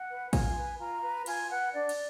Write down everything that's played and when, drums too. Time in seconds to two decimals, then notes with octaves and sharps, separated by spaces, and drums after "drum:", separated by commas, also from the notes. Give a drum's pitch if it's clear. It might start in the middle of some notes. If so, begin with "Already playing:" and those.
Already playing: F#5
0.09 B4
0.33 F4 G#5, drum: kick A1, cymbal
0.56 B4
0.80 F4 A#5
1.03 B4
1.26 F4 G#5, drum: cymbal
1.50 B4 F#5
1.74 D4 D5
1.89 drum: cymbal